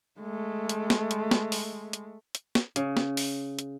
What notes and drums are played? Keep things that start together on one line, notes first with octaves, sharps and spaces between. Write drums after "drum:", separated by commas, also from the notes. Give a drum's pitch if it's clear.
G#3 A3
drum: hi-hat
drum: snare
drum: hi-hat
drum: snare
drum: open hi-hat
drum: hi-hat
drum: hi-hat
drum: snare
C#3, drum: hi-hat
drum: snare
drum: open hi-hat
drum: hi-hat